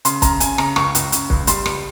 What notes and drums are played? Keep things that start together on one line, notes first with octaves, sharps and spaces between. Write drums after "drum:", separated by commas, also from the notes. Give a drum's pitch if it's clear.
C#3 C6, drum: hi-hat
C#3 A#5, drum: kick, hi-hat
C#3 G#5, drum: hi-hat
C#3 A#5, drum: rim click
C#2 C#6, drum: rim click
C#2, drum: hi-hat
C#3, drum: hi-hat
C#2, drum: kick
G3 C6, drum: hi-hat
C#2, drum: rim click